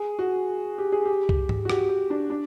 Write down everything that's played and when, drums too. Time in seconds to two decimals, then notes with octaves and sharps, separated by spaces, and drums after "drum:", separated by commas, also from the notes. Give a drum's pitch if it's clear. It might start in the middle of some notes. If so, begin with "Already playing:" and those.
Already playing: G#4
0.19 F#4
0.78 G4
0.92 G#4
1.05 G4
1.29 drum: kick C2
1.49 drum: tom G#2
1.65 F#4
1.70 G4, drum: rim click
1.89 G4
2.10 D4
2.30 D4